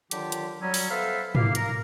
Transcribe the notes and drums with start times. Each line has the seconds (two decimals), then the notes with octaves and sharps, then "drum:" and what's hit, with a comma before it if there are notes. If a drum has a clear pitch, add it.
0.11 D3 D#3 F#3 F4 G4, drum: hi-hat
0.32 drum: hi-hat
0.62 F#3 G3 C#4
0.74 drum: open hi-hat
0.90 B3 A4 B4 C5 E5 F5
1.35 A#3 G4 F5, drum: tom G#2
1.55 A#4, drum: hi-hat